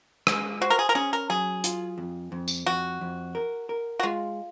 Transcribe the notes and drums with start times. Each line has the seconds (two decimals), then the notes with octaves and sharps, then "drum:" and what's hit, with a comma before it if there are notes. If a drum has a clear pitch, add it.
0.27 G#3, drum: rim click
0.61 F#4 C5
0.70 A#4
0.79 G#4
0.89 A#4
0.95 C#4 G#4
1.13 A#4
1.30 F#3 G#4
1.64 F4, drum: hi-hat
1.98 F2
2.32 F2
2.48 drum: tambourine
2.66 F2 F#4
3.01 F2
3.35 A#4
3.69 A#4
4.00 F#4
4.03 G#3 F4